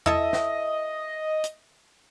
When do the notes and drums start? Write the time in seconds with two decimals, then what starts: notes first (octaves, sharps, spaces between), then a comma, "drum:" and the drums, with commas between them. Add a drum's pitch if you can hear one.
0.06 E4 A4 D#5 E5, drum: tom E2
0.33 drum: snare
1.44 drum: hi-hat